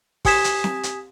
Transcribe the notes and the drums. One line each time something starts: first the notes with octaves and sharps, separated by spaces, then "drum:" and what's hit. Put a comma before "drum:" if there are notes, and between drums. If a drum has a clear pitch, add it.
G4 G#5 D#6 G#6 B6 E7, drum: kick, open hi-hat
drum: hi-hat
drum: snare C4
drum: hi-hat